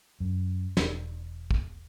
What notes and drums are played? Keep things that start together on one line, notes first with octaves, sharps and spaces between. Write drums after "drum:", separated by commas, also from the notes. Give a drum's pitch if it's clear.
F#2
E1, drum: snare
drum: kick